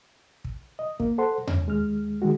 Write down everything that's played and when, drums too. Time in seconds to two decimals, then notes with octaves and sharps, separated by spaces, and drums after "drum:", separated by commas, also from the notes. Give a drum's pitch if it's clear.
0.44 drum: kick
0.79 D#5
1.00 A#3, drum: kick
1.18 A4 C5 F#5 C6
1.47 C#4, drum: tom E2
1.66 D#2 G#3 F6
2.22 D#3 G3 G#3 F#4